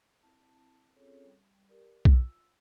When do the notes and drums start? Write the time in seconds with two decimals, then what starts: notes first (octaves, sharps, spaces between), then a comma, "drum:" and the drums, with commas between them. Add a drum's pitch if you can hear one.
0.23 C4 E4 A5
0.96 C4 C#4 F4 G#4 A4 C#5
1.25 G3 G5
1.67 G4 A#4 B4 D5
2.05 F4 E6, drum: kick B1